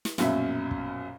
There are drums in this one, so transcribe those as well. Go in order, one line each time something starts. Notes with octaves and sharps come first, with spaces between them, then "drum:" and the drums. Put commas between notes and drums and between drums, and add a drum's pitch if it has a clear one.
drum: snare
A#1 F#2 B2 C#4 E5, drum: snare
drum: kick